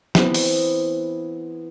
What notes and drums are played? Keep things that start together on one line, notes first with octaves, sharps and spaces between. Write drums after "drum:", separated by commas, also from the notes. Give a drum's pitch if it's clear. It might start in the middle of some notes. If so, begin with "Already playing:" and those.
E3 B3 C4, drum: snare
drum: open hi-hat